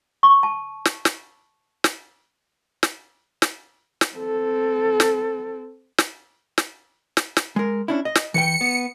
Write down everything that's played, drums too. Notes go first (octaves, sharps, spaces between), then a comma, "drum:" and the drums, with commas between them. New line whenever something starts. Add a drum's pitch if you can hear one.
C#6
A5
drum: snare
drum: snare
drum: snare
drum: snare
drum: snare
drum: snare
C4 A4
drum: snare
drum: snare
drum: snare
drum: snare
drum: snare
G#3 A#4
C#4 D4 E4
D#5
drum: snare
E3 B4 G5 C#7
B3